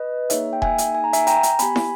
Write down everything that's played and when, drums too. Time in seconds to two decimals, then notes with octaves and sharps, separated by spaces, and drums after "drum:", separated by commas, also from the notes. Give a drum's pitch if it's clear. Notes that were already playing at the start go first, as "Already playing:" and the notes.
Already playing: B4 D#5
0.30 A#3 D#4 G#4 C#5 E5, drum: hi-hat
0.53 G5
0.62 E5 G#5, drum: kick E1
0.78 drum: hi-hat
0.95 G#5
1.04 A#5
1.13 E5 G#5, drum: hi-hat
1.27 G5 A#5, drum: hi-hat
1.43 drum: hi-hat
1.59 B3 G4 G#5 B5, drum: hi-hat
1.76 drum: snare